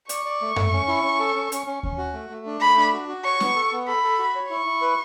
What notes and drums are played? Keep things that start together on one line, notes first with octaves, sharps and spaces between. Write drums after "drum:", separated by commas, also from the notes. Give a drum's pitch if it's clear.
D5 C#6, drum: hi-hat
D5
A3
A3, drum: tom F#2
C#4
E4
C#4
A4
C#4
C#4, drum: hi-hat
C#4
C#4, drum: kick D#2
F#4
A3
A3
D4
A3 B5
D4
F#4
F#4
C#5 C#6
B3, drum: snare
A4
B3
A4 B5
A4
F#4
C#5
E4 C#6
E4
B4